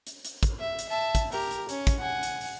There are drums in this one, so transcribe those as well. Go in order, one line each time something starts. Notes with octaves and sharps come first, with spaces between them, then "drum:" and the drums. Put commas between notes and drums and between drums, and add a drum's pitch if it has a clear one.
drum: hi-hat
drum: hi-hat
drum: kick, hi-hat
E5
drum: hi-hat
E5 A5
drum: kick, hi-hat
G4 A#4, drum: open hi-hat
drum: hi-hat
C#4, drum: hi-hat
drum: kick, hi-hat
F#5 G#5
drum: hi-hat
drum: open hi-hat